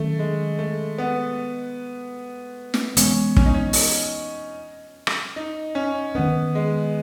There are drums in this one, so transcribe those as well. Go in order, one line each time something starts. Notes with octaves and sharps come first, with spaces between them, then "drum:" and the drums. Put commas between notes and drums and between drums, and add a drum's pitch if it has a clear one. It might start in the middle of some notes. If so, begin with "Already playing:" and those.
Already playing: D#3 F#3 A3 C#4
G#3
A3
B3
drum: snare
E3 G#3 B3 C#4, drum: hi-hat
C#4, drum: kick
D#4
C#4
drum: open hi-hat
drum: rim click
D#4
C#4
D#3 A3 B3 C#4
G#3